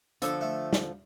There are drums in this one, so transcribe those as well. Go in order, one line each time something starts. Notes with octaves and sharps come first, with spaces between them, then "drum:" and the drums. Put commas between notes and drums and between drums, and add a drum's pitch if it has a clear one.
D3 F3 A4, drum: hi-hat
A3
drum: snare